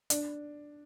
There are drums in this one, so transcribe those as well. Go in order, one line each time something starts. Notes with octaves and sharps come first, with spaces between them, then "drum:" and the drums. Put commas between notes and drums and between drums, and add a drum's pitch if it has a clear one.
D4, drum: hi-hat